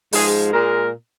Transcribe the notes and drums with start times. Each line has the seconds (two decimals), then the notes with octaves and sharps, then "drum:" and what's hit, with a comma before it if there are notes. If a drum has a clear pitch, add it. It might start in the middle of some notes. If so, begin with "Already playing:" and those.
0.13 G#2 F3 G#3 G#4, drum: open hi-hat
0.53 A#2 G#3 A#4